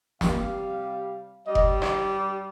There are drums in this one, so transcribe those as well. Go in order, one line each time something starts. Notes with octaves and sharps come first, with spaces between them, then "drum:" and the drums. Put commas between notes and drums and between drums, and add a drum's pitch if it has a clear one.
C3 G3 F5, drum: snare
G2 G3 D#5
drum: kick F1
drum: rim click